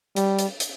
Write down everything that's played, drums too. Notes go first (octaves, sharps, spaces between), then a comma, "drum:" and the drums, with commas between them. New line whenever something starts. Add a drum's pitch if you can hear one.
G3, drum: hi-hat
drum: hi-hat
drum: hi-hat